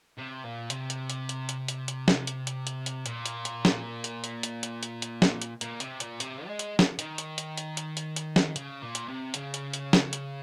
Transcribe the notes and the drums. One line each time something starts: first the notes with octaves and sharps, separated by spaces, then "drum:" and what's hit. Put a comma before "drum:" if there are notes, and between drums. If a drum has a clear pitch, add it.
C3
A#2
C3, drum: hi-hat
drum: hi-hat
drum: hi-hat
drum: hi-hat
drum: hi-hat
drum: hi-hat
drum: hi-hat
drum: snare
drum: hi-hat
drum: hi-hat
drum: hi-hat
drum: hi-hat
A#2, drum: hi-hat
drum: hi-hat
drum: hi-hat
drum: snare
drum: hi-hat
drum: hi-hat
drum: hi-hat
drum: hi-hat
drum: hi-hat
drum: hi-hat
drum: snare
drum: hi-hat
A#2, drum: hi-hat
C3, drum: hi-hat
A#2, drum: hi-hat
C3, drum: hi-hat
G#3
drum: hi-hat
drum: snare
D#3, drum: hi-hat
drum: hi-hat
drum: hi-hat
drum: hi-hat
drum: hi-hat
drum: hi-hat
drum: hi-hat
drum: snare
C#3, drum: hi-hat
A#2
drum: hi-hat
C3
C#3, drum: hi-hat
drum: hi-hat
drum: hi-hat
drum: snare
drum: hi-hat